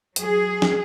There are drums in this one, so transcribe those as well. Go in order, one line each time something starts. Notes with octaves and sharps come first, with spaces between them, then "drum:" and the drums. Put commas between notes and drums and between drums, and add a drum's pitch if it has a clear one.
F#3 G#4, drum: hi-hat
drum: snare